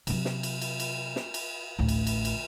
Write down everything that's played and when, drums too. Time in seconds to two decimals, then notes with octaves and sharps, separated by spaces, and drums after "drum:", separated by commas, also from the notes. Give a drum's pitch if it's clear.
0.07 C3 F#3, drum: cymbal
0.25 drum: snare
0.43 drum: cymbal
0.61 drum: cymbal
0.80 drum: cymbal
1.16 drum: snare
1.34 drum: cymbal
1.79 A1 D2
1.88 drum: cymbal
2.07 drum: cymbal
2.25 drum: cymbal